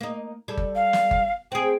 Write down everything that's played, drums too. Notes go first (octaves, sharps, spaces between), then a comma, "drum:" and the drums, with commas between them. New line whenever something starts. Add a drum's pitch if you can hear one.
A#3 D#4
G3 A4
drum: kick G1
F5
drum: snare
drum: kick G1
C4 G#4 G5